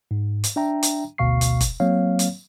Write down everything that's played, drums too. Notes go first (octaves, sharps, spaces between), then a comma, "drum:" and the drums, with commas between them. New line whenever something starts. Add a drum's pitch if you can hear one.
G#2
drum: hi-hat
D4 E5 G5 A#5
drum: hi-hat
G#1 D2 B2 F5 C#6 C7
drum: hi-hat
drum: kick F1, hi-hat
F#3 A#3 C4 C#5 F5
drum: hi-hat